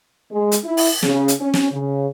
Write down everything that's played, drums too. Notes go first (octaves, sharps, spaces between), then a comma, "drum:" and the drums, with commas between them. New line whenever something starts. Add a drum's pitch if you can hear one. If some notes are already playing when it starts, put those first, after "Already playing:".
G#3
drum: hi-hat
E4
drum: open hi-hat
C#3, drum: snare
drum: hi-hat
C#4
drum: snare
C#3